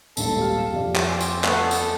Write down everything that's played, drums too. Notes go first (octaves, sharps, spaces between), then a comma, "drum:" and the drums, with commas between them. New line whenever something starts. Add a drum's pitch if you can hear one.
D#1 G#1 G#2 A4, drum: tambourine
G4 F5
F2 D5
drum: clap
C4 G#5 D6
drum: tambourine
A3 B3 F#5, drum: clap
A4, drum: tambourine